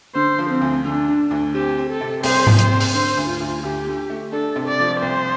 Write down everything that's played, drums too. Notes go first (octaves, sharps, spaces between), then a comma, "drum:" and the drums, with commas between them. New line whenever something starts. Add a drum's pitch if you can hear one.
D3 C5
F3
C4
D2
D3 D4
D3
D2
C4 G4
C4
A4
C3
C2 C5, drum: open hi-hat
C3, drum: tom G#2
C5, drum: hi-hat
C4
drum: open hi-hat
D3 C5
D2
F4
D2
D2 G4
D3
A3
D4 A4
C3
D5
F3
C2 C5